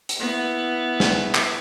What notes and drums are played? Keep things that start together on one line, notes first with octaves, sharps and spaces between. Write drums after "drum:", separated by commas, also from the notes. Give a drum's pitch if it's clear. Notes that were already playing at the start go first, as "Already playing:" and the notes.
drum: hi-hat
B3 E4
drum: snare
drum: clap